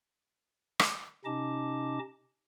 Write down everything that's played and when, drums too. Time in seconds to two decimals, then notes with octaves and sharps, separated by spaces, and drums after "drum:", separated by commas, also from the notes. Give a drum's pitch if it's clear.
0.79 drum: rim click
1.25 C3 C#4 D#4 D#5 A5 D6